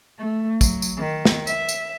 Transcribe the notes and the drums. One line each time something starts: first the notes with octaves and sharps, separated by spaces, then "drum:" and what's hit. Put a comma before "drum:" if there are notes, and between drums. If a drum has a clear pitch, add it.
A3
F#3, drum: kick, tambourine
drum: tambourine
D#3
drum: snare
E5, drum: tambourine
drum: tambourine